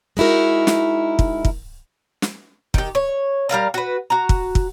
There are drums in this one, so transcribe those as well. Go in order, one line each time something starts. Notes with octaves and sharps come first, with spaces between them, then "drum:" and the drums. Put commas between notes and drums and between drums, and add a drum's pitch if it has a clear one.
G#3 D#4 E4 F#4 A#4
drum: snare
drum: kick
drum: kick
drum: snare
D#3 G4, drum: kick
C#5
G3 A#4 F5 A#5
F#4 B4
F#4 A#5
drum: kick
drum: kick